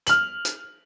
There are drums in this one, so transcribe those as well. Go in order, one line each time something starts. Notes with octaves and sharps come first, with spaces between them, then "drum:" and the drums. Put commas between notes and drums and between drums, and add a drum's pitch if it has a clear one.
F6 F#7, drum: hi-hat
drum: hi-hat